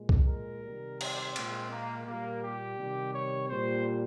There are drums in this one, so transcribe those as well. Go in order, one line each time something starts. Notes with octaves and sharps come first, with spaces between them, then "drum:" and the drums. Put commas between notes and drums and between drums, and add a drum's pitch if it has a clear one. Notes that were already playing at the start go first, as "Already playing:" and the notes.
Already playing: A#2 G#3
drum: kick C2
A#4
C3 D#3 G3
C4, drum: cymbal
A#2 G#3, drum: cymbal
A#3
A#2 G3 A#3
G4
C3 D#3 G3
C#5
A#2 G3 C5